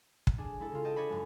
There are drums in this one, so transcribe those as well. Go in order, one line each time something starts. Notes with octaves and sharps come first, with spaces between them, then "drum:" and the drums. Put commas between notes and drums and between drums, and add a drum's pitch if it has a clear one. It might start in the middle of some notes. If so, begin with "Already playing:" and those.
drum: kick
D4 G#4
G#3 E4 A4
C#3 F4
D#5 G5 A5
D4 C#5 D#5 B5
F#2 G#3